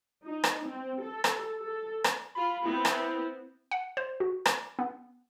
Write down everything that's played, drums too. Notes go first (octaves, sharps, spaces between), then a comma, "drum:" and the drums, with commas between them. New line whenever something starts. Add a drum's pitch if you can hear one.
D#4
drum: rim click
C4
A4
drum: rim click
A4
drum: rim click
F4 B5
B3 C4 E4
drum: rim click
F#5
C5
F#4
D6, drum: rim click
B3